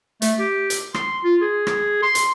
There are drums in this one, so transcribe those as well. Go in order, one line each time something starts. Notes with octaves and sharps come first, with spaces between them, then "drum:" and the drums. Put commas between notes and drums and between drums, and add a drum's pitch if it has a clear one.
A3, drum: hi-hat
G4
drum: hi-hat
C6, drum: rim click
F4
G#4
drum: rim click
C6
drum: hi-hat